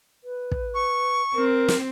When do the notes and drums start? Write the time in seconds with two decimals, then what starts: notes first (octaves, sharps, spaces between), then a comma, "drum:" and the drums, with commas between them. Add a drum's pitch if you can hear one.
0.24 B4
0.51 drum: kick
0.75 C#6
1.35 C4 A#4
1.68 drum: snare